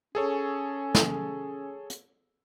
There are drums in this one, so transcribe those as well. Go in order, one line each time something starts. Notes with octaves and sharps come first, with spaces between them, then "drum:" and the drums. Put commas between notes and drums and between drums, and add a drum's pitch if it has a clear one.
C#4 G#4 A4 C#5
drum: snare
drum: hi-hat